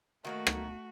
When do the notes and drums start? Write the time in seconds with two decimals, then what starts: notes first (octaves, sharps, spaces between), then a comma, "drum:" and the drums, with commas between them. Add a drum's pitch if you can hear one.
0.25 D#3 A3 A#3 F#4 F5
0.47 drum: rim click